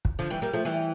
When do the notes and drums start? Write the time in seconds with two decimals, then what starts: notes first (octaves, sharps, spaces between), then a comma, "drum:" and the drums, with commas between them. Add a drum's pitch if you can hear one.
0.05 drum: kick
0.19 D3 F3
0.30 E3 G3
0.42 G3 A#3
0.54 F3 A3
0.65 E3 G3